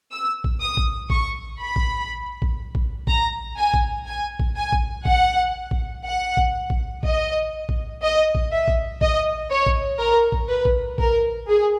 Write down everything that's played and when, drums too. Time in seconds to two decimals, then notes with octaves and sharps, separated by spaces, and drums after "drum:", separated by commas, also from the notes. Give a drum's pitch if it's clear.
0.11 E6
0.44 drum: kick
0.61 D#6
0.77 drum: kick
1.10 C#6, drum: kick
1.60 B5
1.76 drum: kick
2.42 drum: kick
2.75 drum: kick
3.07 A#5, drum: kick
3.57 G#5
3.74 drum: kick
4.07 G#5
4.40 drum: kick
4.56 G#5
4.72 drum: kick
5.05 F#5, drum: kick
5.71 drum: kick
6.05 F#5
6.37 drum: kick
6.70 drum: kick
7.03 D#5, drum: kick
7.69 drum: kick
8.02 D#5
8.35 drum: kick
8.51 E5
8.68 drum: kick
9.01 D#5, drum: kick
9.50 C#5
9.66 drum: kick
10.00 A#4
10.32 drum: kick
10.49 B4
10.65 drum: kick
10.98 A#4, drum: kick
11.47 G#4